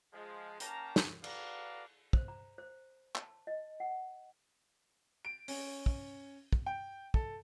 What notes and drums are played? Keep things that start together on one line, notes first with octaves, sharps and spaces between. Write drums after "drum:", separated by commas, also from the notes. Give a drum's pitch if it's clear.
F3 G#3
A#3 C#4 G5 A5 A#5, drum: hi-hat
drum: snare
F#4 A4 B4 D5 F5 A#5, drum: cymbal
C5, drum: kick
A#5
C5
A5, drum: clap
D#5
F#5
D7
C#4, drum: open hi-hat
drum: kick
drum: kick
G5
A4, drum: kick